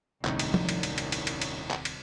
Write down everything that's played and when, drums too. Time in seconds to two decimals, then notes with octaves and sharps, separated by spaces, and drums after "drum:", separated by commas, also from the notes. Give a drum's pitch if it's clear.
0.25 D#1 C2 A2 C3 D#3 C#4 D#4 F#4, drum: clap
0.39 drum: cymbal
0.54 drum: tom F3
0.69 drum: cymbal
0.83 drum: cymbal
0.98 drum: cymbal
1.12 drum: cymbal
1.27 drum: cymbal
1.42 drum: cymbal
1.71 drum: clap
1.85 drum: cymbal